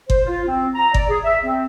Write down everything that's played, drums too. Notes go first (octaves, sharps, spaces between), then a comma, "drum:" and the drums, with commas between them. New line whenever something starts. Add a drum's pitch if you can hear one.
C5, drum: kick G1
F4
C4
A#5
D5, drum: kick G1
G#4
E5
C4